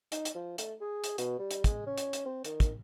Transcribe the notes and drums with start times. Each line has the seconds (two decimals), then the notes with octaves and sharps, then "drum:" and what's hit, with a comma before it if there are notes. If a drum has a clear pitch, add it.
0.12 D#4, drum: hi-hat
0.25 drum: hi-hat
0.35 F3
0.58 A3, drum: hi-hat
0.81 G#4
1.04 drum: hi-hat
1.18 B2, drum: hi-hat
1.39 G3
1.51 drum: hi-hat
1.64 G#3, drum: kick, hi-hat
1.86 C#4
1.98 drum: hi-hat
2.13 drum: hi-hat
2.26 C4
2.44 D#3, drum: hi-hat
2.60 drum: kick, hi-hat